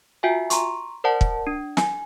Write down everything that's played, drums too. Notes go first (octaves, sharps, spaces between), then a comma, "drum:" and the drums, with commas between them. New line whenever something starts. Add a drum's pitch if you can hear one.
F4 F#4 E5 G5 G#5
A#5 C6 C#6, drum: hi-hat
A#4 C5 D5 F#5 A5
drum: kick
D4
G#5, drum: snare